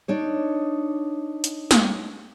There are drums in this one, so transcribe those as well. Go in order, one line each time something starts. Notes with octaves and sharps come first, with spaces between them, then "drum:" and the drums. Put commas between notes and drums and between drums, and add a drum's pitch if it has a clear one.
D4 D#4 C#5
drum: hi-hat
drum: snare